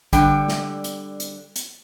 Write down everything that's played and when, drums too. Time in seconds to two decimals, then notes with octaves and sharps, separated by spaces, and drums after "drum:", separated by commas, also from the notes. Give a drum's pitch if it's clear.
0.13 D3 G3 G5, drum: kick A1, hi-hat
0.48 drum: snare
0.84 drum: hi-hat
1.20 drum: hi-hat
1.56 drum: hi-hat